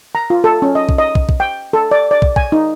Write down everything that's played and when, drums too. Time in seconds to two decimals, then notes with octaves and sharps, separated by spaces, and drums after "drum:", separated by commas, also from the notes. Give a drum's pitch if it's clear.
0.15 A#5
0.30 F4
0.44 A4
0.62 C#4
0.75 D#5
0.89 drum: kick
0.98 D#5
1.15 drum: kick
1.29 drum: kick
1.40 G5
1.73 A4
1.91 D5
2.11 D5
2.22 drum: kick
2.36 G#5, drum: kick
2.52 D#4